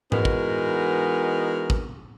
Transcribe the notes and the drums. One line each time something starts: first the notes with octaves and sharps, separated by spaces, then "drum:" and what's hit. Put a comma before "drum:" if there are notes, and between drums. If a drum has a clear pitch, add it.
E3 G#3 B3 D#4 F#4 A#4, drum: tom G#2
drum: kick
drum: kick